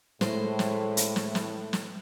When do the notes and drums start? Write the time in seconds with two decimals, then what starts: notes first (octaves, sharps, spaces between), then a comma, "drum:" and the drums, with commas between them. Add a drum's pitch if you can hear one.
0.21 A2 G#3 C5, drum: snare
0.59 drum: snare
0.97 drum: hi-hat
1.16 drum: snare
1.35 drum: snare
1.73 drum: snare